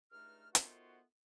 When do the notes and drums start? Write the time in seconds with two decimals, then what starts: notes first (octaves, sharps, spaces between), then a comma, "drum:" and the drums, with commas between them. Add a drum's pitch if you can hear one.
0.12 C#2 G2 A3 D#4 F6
0.55 D#3 A3 B3 F4 F#4 C5, drum: hi-hat